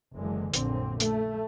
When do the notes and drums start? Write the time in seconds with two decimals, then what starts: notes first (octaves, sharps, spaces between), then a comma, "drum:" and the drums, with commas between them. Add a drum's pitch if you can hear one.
0.15 F#1 D3 E3 G#3
0.54 A#1 F#2 D3 C4, drum: hi-hat
1.00 A3, drum: hi-hat